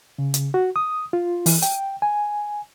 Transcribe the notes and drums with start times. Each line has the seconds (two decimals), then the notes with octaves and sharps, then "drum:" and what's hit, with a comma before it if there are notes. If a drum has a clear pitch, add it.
0.19 C#3
0.34 drum: hi-hat
0.54 F#4
0.76 D#6
1.13 F4
1.46 E3, drum: open hi-hat
1.62 G5, drum: hi-hat
2.02 G#5